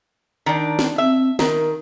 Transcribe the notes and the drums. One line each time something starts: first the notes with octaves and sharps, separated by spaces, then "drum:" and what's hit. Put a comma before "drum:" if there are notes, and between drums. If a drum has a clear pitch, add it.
D#3 D4
drum: snare
C4 E5
D#3 A#4, drum: snare